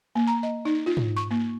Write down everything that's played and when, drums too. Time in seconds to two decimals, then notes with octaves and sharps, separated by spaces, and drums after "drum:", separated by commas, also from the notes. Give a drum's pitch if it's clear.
0.15 A#3
0.27 A#5
0.43 D#5
0.65 D#4
0.86 F4
0.97 drum: tom G#2
1.17 C#6
1.31 A#3